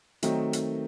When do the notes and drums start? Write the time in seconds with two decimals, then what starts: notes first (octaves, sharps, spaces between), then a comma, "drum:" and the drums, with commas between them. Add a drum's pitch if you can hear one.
0.23 D#3 F#3 A3 C4 D#4, drum: hi-hat
0.53 drum: hi-hat